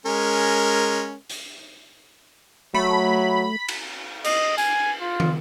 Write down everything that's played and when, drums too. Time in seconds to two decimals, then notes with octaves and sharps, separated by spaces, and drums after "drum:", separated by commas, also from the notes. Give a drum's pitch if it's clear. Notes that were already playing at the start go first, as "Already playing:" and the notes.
0.06 G#3 C#4 A#4
1.30 drum: hi-hat
2.74 F#3 A3 B5
3.68 drum: cymbal
4.24 D#5, drum: cymbal
4.58 G#5, drum: tambourine
5.01 F4
5.20 drum: tom